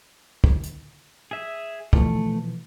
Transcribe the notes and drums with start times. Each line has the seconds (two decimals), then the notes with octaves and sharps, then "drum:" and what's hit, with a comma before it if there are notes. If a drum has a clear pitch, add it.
0.44 drum: kick
0.63 drum: hi-hat
1.31 G#4 E5
1.93 B2 E3 F3 A3, drum: kick